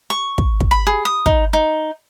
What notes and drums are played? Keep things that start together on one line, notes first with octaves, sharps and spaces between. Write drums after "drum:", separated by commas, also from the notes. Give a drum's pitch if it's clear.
C#6
drum: kick
drum: kick
B5
G#4
D#6
D#4, drum: kick
D#4